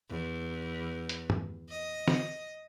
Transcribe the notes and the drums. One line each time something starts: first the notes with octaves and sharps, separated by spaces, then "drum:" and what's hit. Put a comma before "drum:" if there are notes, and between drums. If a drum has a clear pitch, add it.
E2
drum: hi-hat
drum: tom
D#5
drum: snare